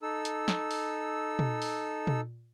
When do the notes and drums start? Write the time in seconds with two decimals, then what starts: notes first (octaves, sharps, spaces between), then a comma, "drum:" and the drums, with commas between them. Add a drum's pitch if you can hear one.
0.02 D#4 A4 E6
0.25 drum: hi-hat
0.48 drum: snare
0.71 drum: open hi-hat
1.39 drum: tom
1.62 drum: open hi-hat
2.07 drum: tom